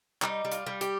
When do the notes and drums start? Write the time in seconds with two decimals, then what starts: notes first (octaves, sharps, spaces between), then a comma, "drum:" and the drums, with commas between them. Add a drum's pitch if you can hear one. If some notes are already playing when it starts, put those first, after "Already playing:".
0.22 G3 D#4, drum: clap
0.45 G3
0.52 F4, drum: hi-hat
0.66 G3
0.81 G4, drum: hi-hat